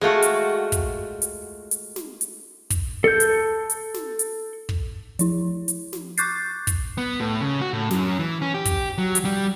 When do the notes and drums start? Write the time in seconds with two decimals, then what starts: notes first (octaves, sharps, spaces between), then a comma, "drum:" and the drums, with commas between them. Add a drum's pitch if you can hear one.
0.01 G#3 A3 F4 F#4
0.22 drum: hi-hat
0.72 drum: kick, hi-hat
1.22 drum: hi-hat
1.71 drum: hi-hat
1.96 drum: snare
2.21 drum: hi-hat
2.70 drum: kick, hi-hat
3.04 A4 G6
3.20 drum: hi-hat
3.70 drum: hi-hat
3.94 drum: snare
4.19 drum: hi-hat
4.69 drum: kick
5.19 F3 E4, drum: hi-hat
5.68 drum: hi-hat
5.93 drum: snare
6.17 C#6 D6 F#6 G6 A6 C7, drum: hi-hat
6.67 drum: kick, hi-hat
6.98 B3
7.20 A2
7.41 C#3
7.61 F#4
7.73 A2
7.91 F#2, drum: snare
8.19 E3
8.42 C#4
8.54 G4
8.65 drum: kick, hi-hat
8.98 F#3
9.15 drum: hi-hat
9.25 G3